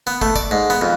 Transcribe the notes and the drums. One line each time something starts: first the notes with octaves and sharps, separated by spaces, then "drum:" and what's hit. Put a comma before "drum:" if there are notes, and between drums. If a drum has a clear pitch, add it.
B3
A3, drum: kick
D5, drum: kick
G#2
B3
F2